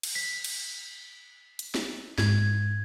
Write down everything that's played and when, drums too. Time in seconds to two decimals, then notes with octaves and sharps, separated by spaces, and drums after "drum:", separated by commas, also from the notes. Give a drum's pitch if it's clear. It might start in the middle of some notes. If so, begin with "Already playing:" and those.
0.03 drum: cymbal
0.15 B6
0.44 drum: cymbal
1.59 drum: hi-hat
1.75 drum: snare
2.18 G#2 G#6, drum: snare